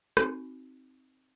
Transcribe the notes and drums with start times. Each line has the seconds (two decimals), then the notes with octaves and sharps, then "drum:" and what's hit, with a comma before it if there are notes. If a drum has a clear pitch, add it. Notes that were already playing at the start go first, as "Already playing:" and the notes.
0.17 C4 D#4 F#4, drum: rim click